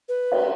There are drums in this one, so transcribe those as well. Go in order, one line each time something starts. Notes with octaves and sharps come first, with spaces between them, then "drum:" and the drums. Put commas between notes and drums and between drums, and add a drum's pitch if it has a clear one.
B4
drum: cymbal